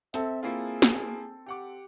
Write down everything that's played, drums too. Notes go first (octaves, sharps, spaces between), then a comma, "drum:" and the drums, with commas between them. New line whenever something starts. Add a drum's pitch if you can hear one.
C4 A4 E5, drum: hi-hat
A#3 E4 F4 G#4
drum: snare
G4 F#5 D6